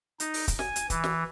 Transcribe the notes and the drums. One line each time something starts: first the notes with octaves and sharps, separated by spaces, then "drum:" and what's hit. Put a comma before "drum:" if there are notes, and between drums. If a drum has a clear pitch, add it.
D#4, drum: hi-hat
drum: open hi-hat
drum: kick, hi-hat
G#5, drum: snare
drum: hi-hat
E3, drum: kick, hi-hat
drum: snare